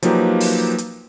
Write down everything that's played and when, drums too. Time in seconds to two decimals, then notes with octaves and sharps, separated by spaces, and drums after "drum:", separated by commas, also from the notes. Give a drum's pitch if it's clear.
0.03 F3 F#3 A#3 D#4 G4 B4, drum: hi-hat
0.40 drum: open hi-hat
0.78 drum: hi-hat